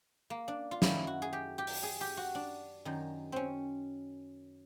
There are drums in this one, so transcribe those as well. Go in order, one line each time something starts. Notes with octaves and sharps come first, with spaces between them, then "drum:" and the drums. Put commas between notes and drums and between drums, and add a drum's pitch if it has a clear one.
A#3
D4
F4
F#2 D#3 E4, drum: snare
F#4
G#4
G4
G4
drum: open hi-hat
G#4
G4
F#4
D4
F#2 D#3
C4 C#4